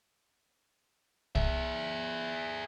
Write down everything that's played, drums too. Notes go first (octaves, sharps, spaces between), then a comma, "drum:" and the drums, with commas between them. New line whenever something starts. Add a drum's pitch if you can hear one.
G#4 E5, drum: kick